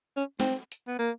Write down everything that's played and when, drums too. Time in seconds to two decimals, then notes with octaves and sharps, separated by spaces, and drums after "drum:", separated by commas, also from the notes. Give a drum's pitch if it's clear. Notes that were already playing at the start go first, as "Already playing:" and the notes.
0.16 C#4
0.40 C4, drum: snare
0.72 drum: hi-hat
0.87 B3
0.99 A#3